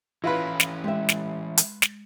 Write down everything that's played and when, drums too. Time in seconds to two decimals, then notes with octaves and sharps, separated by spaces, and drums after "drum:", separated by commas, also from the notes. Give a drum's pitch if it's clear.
0.24 E3 C#4 E4 F4 B4 A#6
0.60 drum: snare
0.84 G#3 G4 E5
1.09 drum: snare
1.58 drum: hi-hat
1.82 drum: snare